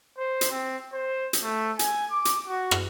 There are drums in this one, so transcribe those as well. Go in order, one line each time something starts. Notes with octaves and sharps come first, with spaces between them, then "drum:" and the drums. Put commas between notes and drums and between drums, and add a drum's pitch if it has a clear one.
C5
drum: hi-hat
C4
C5
drum: hi-hat
A3
G#5, drum: hi-hat
D6
drum: hi-hat
F#4
drum: rim click